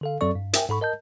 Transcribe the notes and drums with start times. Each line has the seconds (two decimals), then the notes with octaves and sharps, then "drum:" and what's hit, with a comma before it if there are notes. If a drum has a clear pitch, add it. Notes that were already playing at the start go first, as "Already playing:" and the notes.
0.01 D3 A4 F5
0.21 F#2 F#3 C4 A4 D5 C#6
0.35 G2
0.53 A#4 E5 G5 G#5, drum: hi-hat
0.69 G#2 A4 B5 C#6
0.81 A#4 D#5 A5 G6